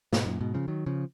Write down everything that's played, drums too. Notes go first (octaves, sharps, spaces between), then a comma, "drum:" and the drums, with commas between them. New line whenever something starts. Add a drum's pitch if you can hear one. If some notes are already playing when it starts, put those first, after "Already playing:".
G#2 B2, drum: snare
F#2 A#2
G#2 B2
C#3 F3
D#3 F#3
C#3 F3